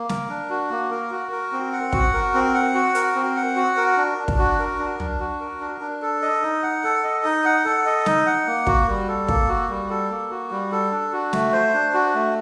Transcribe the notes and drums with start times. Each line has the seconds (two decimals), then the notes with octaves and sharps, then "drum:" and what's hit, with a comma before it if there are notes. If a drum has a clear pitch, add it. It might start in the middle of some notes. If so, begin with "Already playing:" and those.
Already playing: A#3
0.09 A#4, drum: snare
0.30 D4
0.50 F#4
0.71 A#3
0.91 A#4
1.11 F#4
1.32 A#4
1.52 C4
1.73 F#5
1.93 F#4, drum: kick
2.13 A#4
2.34 C4
2.54 F#5
2.74 F#4
2.95 A#4, drum: hi-hat
3.16 C4
3.36 F#5
3.56 F#4
3.77 A#4
3.97 D4
4.18 D4
4.28 drum: kick
4.39 F#4
4.59 A#4
4.79 D4
5.00 D4, drum: tom
5.20 F#4
5.40 A#4
5.61 D4
5.81 D4
6.02 A4
6.22 D#5
6.42 D#4
6.63 F#5
6.84 A4
7.04 D#5
7.24 D#4
7.45 F#5
7.65 A4
7.86 D#5
8.06 D#4, drum: snare
8.26 F#5
8.47 A#3
8.67 F#4, drum: kick
8.88 G3
9.08 A4
9.28 A#3, drum: kick
9.49 F#4
9.69 G3
9.90 A4
10.10 A#3
10.30 F#4
10.51 G3
10.72 A4
10.91 D4
11.12 F#4
11.33 A3, drum: snare
11.53 C5
11.74 D4
11.94 F#4
12.15 A3